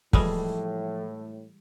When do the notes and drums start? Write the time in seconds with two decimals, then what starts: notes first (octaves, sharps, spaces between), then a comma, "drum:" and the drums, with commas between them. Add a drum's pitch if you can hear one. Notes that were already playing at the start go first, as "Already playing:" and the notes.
0.13 A2 E3 F3 G3 G#3 A4, drum: kick